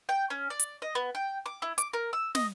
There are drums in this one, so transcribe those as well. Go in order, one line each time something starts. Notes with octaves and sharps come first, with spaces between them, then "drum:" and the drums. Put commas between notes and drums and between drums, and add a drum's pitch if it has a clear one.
G5
C#4
D5
drum: hi-hat
D#5
B3
G5
D6
E4
D6, drum: hi-hat
A#4
E6
D#5, drum: snare